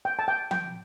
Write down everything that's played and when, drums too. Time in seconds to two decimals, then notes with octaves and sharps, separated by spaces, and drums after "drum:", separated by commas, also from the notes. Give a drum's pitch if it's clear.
0.05 G5
0.19 A5
0.28 G5
0.51 G5, drum: tom F3